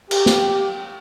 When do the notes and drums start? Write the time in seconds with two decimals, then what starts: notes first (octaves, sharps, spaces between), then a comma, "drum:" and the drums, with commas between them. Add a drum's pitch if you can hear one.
0.11 G4, drum: cymbal
0.26 drum: snare